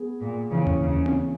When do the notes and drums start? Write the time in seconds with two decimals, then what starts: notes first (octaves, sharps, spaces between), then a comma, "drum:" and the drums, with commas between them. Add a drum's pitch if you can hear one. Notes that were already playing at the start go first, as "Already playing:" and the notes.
Already playing: B3 G#4
0.20 A#2
0.51 C#3 E3 A#3 C#4
0.67 drum: tom D#2
0.83 C#3
1.06 drum: tom C4